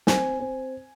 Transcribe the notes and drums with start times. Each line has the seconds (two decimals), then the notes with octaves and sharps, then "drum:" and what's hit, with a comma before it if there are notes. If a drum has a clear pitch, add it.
0.07 C4 G#5, drum: snare
0.39 C4